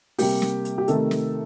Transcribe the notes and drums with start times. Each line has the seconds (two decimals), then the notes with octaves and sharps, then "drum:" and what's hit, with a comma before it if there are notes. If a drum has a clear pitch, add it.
0.18 C3 G3 A#3 G4, drum: open hi-hat
0.42 drum: snare
0.65 drum: hi-hat
0.78 G4
0.88 C3 D#3 A3 A4, drum: hi-hat
1.11 drum: snare